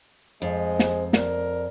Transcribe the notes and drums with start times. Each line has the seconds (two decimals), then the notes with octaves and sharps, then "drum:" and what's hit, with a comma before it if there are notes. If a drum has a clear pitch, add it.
0.42 F2 G#3 C5
0.79 drum: snare
1.13 A#4 D5, drum: snare